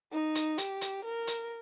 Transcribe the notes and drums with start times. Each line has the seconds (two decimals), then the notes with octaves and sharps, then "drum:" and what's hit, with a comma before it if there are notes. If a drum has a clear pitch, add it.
0.12 D#4
0.35 drum: hi-hat
0.58 G4, drum: hi-hat
0.81 drum: hi-hat
1.05 A#4
1.27 drum: hi-hat